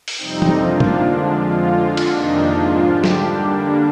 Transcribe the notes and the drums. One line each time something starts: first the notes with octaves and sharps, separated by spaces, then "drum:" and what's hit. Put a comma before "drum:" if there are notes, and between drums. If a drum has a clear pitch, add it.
drum: open hi-hat
F2 C3 G3 C4 D#4
drum: tom
C3 F3 A#3 D4 F4
drum: tom
D3 F3 G#3 D4
F2 D3 F3 G#3 F4
D3 G#3 D4 F4
drum: cymbal
F2 C3 D#3 A#3 D4 D#4
G#2 F3 G#3 D4 F4
D3 G3 D4 G4
drum: snare
D3 G3 A#3 D4